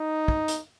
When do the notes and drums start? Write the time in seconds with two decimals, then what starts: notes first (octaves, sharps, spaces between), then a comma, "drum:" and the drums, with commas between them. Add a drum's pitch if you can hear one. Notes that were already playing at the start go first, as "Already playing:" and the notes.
Already playing: D#4
0.28 drum: kick
0.48 drum: hi-hat